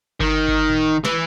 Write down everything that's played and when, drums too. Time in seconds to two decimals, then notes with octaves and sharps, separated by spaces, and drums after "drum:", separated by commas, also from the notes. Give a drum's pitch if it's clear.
0.20 D#3, drum: kick G1
0.48 drum: kick G1
0.70 drum: tom A2
1.05 E3, drum: snare